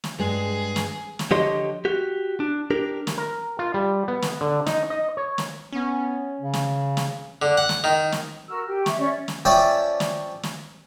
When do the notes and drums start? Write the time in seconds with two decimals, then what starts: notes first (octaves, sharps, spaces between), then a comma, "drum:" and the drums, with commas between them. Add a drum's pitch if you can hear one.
0.04 drum: snare
0.19 G2 G#3 G#4
0.76 drum: snare
1.19 drum: snare
1.31 D3 F3 G4 C#5 D#5 C6
1.85 F#4 G4
2.40 D4
2.70 D4 G4 A#4
3.07 drum: snare
3.18 A#4
3.59 F4
3.74 G3
4.08 B3
4.22 drum: snare
4.41 D3
4.66 D#4, drum: snare
4.90 D#5
5.17 C#5
5.38 drum: snare
5.73 B3 C#4
6.40 C#3
6.53 drum: snare
6.97 drum: snare
7.42 D3
7.57 F#5
7.69 drum: snare
7.84 D#3
8.12 drum: snare
8.48 F#4 A#4 E6 F6
8.67 G4
8.86 E5 C#6, drum: snare
8.98 C#4 D5 E5 C#6
9.28 drum: snare
9.45 F3 C#4 D5 E5 G5
10.00 drum: snare
10.43 drum: snare